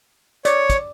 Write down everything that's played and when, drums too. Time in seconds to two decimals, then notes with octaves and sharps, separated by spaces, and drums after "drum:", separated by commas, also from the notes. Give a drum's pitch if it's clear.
0.45 C#5 D5, drum: hi-hat
0.70 drum: kick, hi-hat